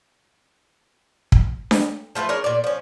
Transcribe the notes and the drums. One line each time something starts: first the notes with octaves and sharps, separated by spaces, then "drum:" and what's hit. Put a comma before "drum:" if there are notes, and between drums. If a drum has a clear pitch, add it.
drum: kick
drum: snare D4
F3 A3 F4 B4
D4 G#4 A#4 C#5
A#2 D5
F3 C#4